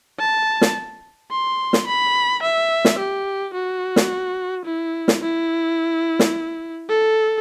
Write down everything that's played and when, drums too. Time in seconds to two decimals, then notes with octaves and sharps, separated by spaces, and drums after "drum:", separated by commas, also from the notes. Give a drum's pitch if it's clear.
0.20 A5
0.61 drum: snare
1.31 C6
1.73 drum: snare
1.87 B5
2.43 E5
2.85 drum: snare
2.99 G4
3.54 F#4
3.96 drum: snare
4.65 E4
5.08 drum: snare
5.22 E4
6.19 drum: snare
6.90 A4